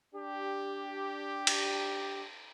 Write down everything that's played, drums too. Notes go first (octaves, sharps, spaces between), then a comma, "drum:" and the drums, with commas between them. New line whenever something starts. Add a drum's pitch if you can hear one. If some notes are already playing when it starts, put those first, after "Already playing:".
D4 G4
drum: cymbal